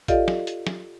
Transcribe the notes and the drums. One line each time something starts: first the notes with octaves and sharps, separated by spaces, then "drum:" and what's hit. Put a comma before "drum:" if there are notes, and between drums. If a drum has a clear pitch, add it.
F4 G4 A4 D5 D#5 F5, drum: kick A1, hi-hat
drum: snare
drum: hi-hat
drum: snare